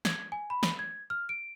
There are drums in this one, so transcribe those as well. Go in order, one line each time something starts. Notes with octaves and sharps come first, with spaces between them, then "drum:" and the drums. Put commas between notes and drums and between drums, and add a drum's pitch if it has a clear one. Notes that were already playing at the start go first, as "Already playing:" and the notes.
G#6, drum: snare
G#5
B5
drum: snare
G#6
F6
D7